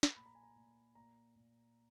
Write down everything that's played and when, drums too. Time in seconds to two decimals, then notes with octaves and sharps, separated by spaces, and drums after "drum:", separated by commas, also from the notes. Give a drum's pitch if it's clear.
0.03 drum: snare
0.16 A#2 B5
0.26 A#5
0.35 G#5
0.43 A#5
0.56 A#2
0.95 A#2 A#5
1.36 A#2